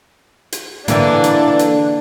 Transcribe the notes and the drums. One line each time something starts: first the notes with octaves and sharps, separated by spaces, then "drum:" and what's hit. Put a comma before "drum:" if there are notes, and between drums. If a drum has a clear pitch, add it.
drum: hi-hat
D3 E3 A#3 D4, drum: hi-hat
drum: hi-hat
drum: hi-hat